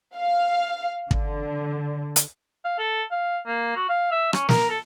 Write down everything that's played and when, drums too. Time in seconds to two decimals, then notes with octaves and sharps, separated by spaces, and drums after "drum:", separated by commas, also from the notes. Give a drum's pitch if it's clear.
0.17 F5
1.11 D3, drum: kick
2.16 drum: hi-hat
2.65 F5
2.79 A4
3.11 F5
3.47 A#3
3.76 F#4
3.89 F5
4.11 E5
4.33 C#4, drum: rim click
4.49 A#4, drum: snare
4.70 A4